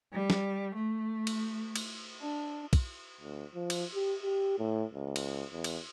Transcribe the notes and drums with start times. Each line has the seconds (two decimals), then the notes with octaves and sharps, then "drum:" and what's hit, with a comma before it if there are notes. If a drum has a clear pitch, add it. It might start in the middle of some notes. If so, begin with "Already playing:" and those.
0.13 G3
0.30 drum: snare
0.75 A3
1.27 drum: cymbal
1.76 drum: cymbal
2.20 D4
2.73 drum: kick, cymbal
3.21 D2
3.55 F3
3.70 drum: cymbal
3.94 G4
4.23 G4
4.58 A2
4.93 C#2
5.16 drum: cymbal
5.52 E2
5.64 drum: cymbal